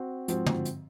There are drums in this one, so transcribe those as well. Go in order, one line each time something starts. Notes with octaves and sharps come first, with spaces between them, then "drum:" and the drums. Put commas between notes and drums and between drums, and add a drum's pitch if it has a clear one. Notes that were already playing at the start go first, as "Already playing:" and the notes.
Already playing: C4 F#4
G#2 F3 C4 F#4, drum: hi-hat
drum: tom
drum: hi-hat